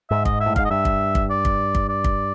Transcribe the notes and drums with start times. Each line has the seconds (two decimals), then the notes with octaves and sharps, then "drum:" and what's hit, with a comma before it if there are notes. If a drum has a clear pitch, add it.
0.10 G#2 E5
0.25 D#5, drum: kick
0.41 E5
0.46 A2
0.56 G#2 F5, drum: kick
0.65 D#5
0.71 G2 E5
0.85 drum: kick
1.15 drum: kick
1.30 D5
1.45 drum: kick
1.75 drum: kick
1.89 D5
2.04 drum: kick